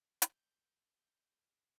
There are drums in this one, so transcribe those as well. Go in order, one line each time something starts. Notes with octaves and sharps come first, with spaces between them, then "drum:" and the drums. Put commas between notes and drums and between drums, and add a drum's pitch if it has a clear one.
G6, drum: hi-hat
G6